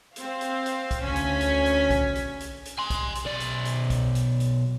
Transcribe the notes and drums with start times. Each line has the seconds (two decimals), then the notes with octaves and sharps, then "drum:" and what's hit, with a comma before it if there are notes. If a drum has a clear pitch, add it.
0.16 C4 F5, drum: hi-hat
0.41 drum: hi-hat
0.66 drum: hi-hat
0.91 drum: kick, hi-hat
1.03 D2 C#4 G#5 B6
1.16 drum: hi-hat
1.41 drum: hi-hat
1.66 drum: hi-hat
1.91 drum: kick, hi-hat
2.16 drum: hi-hat
2.40 drum: hi-hat
2.65 drum: hi-hat
2.78 G#5 C6
2.90 drum: kick, hi-hat
3.15 drum: hi-hat
3.26 B1 D5
3.40 drum: hi-hat
3.65 drum: hi-hat
3.90 drum: kick, hi-hat
4.15 drum: hi-hat
4.40 drum: hi-hat